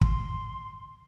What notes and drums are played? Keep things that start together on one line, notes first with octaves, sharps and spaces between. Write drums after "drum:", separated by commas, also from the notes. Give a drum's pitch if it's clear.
C6, drum: kick